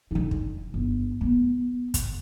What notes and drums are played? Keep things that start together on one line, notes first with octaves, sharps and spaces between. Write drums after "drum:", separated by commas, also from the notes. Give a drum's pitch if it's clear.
D3 D#4
drum: kick
G1
B3
drum: kick, hi-hat